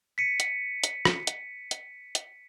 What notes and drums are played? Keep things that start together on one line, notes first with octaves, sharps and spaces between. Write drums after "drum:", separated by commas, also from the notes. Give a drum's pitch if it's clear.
B6 C#7 D#7
drum: hi-hat
drum: hi-hat
drum: rim click
drum: hi-hat
drum: hi-hat
drum: hi-hat